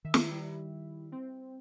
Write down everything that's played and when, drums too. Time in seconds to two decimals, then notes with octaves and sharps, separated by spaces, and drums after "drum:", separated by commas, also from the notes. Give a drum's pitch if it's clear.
0.04 D#3 E5
0.14 drum: snare
0.27 G3 E4
1.12 C4